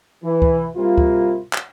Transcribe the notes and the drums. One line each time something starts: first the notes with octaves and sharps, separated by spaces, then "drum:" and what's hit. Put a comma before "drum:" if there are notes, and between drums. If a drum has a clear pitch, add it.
E3
drum: kick C#2
G3 A#3 C4 E4 F4
drum: kick C#2
drum: clap